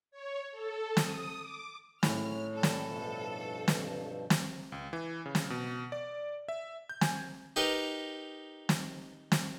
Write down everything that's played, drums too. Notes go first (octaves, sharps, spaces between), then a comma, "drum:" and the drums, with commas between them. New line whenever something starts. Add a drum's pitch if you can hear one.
C#5
A4
D#6, drum: snare
D6
A2 C#4 D#4 G#4 F6, drum: snare
G3 A4
drum: snare
G2 B2 F3
drum: snare
drum: snare
C#2
E3
C#3
drum: snare
B2
D5
E5
G6
G#5, drum: snare
D#4 G4 A#4 B4
drum: snare
drum: snare